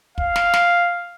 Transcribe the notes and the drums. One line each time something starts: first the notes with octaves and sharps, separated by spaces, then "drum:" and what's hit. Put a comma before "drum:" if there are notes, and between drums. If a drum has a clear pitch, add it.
F5, drum: kick
drum: snare
drum: snare